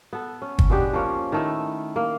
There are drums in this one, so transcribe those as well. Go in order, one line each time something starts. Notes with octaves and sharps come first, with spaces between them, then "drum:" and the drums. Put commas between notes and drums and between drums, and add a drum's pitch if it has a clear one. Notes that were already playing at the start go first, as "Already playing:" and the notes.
B3 A4
C#4
drum: kick
G#3 B3 D4 G4
F3 A#3 C#4 C#5
D#3 A3 E4
A#3